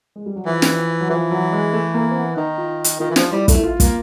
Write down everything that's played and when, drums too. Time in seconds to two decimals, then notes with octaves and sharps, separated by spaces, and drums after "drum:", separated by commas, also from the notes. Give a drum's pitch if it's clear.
0.16 G#3
0.26 G3
0.36 F#3
0.46 E3 F3
0.62 drum: snare
1.01 F#3
1.10 E3 F3
1.31 F#3
1.52 G#3
1.73 A3
1.94 A#3
2.11 C4
2.16 B3
2.36 D#3 D#4
2.58 F4
2.84 drum: hi-hat
3.00 D#3 F4
3.11 E3
3.16 F3, drum: snare
3.32 G3 E4
3.48 A3, drum: kick, hi-hat
3.55 E4
3.64 F4
3.80 A#3, drum: kick, hi-hat